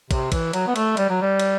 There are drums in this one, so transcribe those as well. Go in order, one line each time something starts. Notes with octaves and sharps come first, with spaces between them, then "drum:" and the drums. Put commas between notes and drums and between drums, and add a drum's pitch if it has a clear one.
C3, drum: kick, cymbal
E3, drum: kick, cymbal
F#3, drum: cymbal
B3
A3, drum: cymbal
G3, drum: cymbal
F#3
G3
drum: cymbal